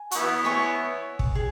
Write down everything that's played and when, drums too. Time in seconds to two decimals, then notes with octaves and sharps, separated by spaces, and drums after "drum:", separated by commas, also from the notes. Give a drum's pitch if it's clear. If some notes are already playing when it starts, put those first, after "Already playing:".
Already playing: G#5
0.11 F#4, drum: hi-hat
0.15 B3 E4
0.45 C#5 G#5 C#6
1.19 drum: kick
1.35 G#4